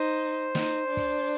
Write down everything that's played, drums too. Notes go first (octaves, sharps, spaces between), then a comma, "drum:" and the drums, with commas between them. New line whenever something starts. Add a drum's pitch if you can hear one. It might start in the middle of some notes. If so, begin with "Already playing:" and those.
Already playing: D#4 C5
D#4, drum: snare
D4
drum: kick, hi-hat